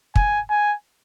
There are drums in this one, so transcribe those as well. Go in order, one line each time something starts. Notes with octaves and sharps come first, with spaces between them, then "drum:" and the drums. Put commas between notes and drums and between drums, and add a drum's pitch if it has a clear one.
G#5, drum: kick
G#5